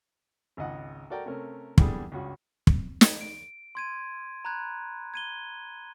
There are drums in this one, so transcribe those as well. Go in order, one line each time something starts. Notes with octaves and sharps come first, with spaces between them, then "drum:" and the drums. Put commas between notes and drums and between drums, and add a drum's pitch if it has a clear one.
G#1 C#2 D#5 F#5
F#4 A4 A#4 D5 G5 A#5
C3 A3 C#4 A#4
E2 D3 G3 B3 E4 G#4, drum: kick
C#2 G2 C#4 F#4
drum: kick
drum: snare
D7
C6 G#6 D#7
A#5 B5 F#6 G#6
G#6 D#7 G7